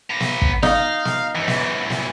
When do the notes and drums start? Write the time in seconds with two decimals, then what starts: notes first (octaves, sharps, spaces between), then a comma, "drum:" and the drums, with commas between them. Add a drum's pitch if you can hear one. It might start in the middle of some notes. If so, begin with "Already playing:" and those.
0.10 B3 A#5
0.20 drum: snare
0.42 drum: kick
0.63 D#4 F5, drum: snare
1.05 drum: snare
1.35 F#2 E3
1.48 drum: snare
1.90 drum: snare